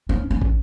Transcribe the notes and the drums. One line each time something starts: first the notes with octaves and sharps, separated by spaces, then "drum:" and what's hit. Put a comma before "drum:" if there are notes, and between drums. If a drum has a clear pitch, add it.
C#4
C#4
drum: kick